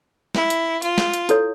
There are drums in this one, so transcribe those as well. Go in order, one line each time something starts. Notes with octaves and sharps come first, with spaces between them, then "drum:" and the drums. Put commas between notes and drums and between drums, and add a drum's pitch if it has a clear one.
E4, drum: snare
drum: hi-hat
F4, drum: hi-hat
drum: snare
drum: hi-hat
E4 A4 C#5, drum: hi-hat